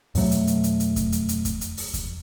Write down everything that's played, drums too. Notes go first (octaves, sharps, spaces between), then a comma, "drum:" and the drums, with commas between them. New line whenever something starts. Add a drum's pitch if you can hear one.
F2 B2 F#3 A3, drum: open hi-hat
drum: hi-hat
drum: hi-hat
drum: hi-hat
drum: hi-hat
drum: kick E2, hi-hat
drum: hi-hat
drum: hi-hat
drum: kick E2, hi-hat
drum: hi-hat
drum: open hi-hat
drum: kick E2, hi-hat